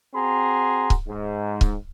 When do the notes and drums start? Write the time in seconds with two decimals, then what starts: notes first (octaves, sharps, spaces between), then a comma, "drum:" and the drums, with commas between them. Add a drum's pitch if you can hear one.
0.14 C4 F#4 G#4 A#5 C6
0.90 drum: kick C#1
1.08 G#2
1.61 drum: kick C#1